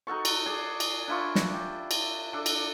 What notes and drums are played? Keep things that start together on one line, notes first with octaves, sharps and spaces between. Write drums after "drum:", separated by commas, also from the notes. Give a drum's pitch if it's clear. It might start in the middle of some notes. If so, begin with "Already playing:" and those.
D#4 F#4 A4 C#6
drum: cymbal
G#4 D5
drum: cymbal
D4 E4 F4 C#6
drum: snare
G4
drum: cymbal
D4 A4 D5
drum: cymbal